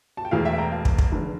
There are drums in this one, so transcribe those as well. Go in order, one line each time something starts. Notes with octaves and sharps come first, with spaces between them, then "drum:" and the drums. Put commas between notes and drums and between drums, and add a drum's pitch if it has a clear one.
A5
G5
E1 E2 E3 A3 F5
E5 G5
G5 A#5
F5 A5
drum: kick
drum: kick
F1 E2 D3